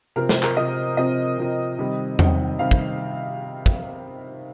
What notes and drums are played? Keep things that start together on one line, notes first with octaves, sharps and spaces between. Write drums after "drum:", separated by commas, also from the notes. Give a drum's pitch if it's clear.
C3 F3 C4 A#4
C5, drum: snare
A#4, drum: clap
C3 F3 C4 D#5
C3 F3 C4 D#5
C3 F3 C4
C3 D#3 G3 C4
C3 D#3 G3 C4, drum: tom E2
C3 D#3 G3 C4 F5
drum: kick
drum: kick